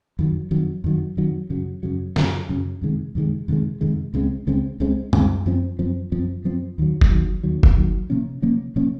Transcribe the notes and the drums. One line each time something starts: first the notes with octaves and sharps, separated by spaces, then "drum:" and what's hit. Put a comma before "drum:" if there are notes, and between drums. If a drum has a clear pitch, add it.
F2 D#3 F#3
F2 D#3 F#3
F2 D#3 F#3
F2 D#3 F#3
F#2 C#3 F#3
F#2 C#3 F#3
F#2 C#3 F#3, drum: snare
F#2 C#3 F#3
F2 C3 D#3 G#3
F2 C3 D#3 G#3
F2 C3 D#3 G#3
F2 C3 D#3 G#3
C#2 C#3 G#3 C4
C#2 C#3 G#3 C4
C#2 C#3 G#3 C4
C#2 C#3 G#3 C4, drum: tom F#2
F#2 F3 C4
F#2 F3 C4
F#2 F3 C4
F#2 F3 C4
D#2 D#3 F#3
drum: kick F#1
D#2 D#3 F#3
D#2 D#3 F#3
drum: kick F#1
D#2 D#3 F#3
C3 F3 A#3 C#4
C3 F3 A#3 C#4
C3 F3 A#3 C#4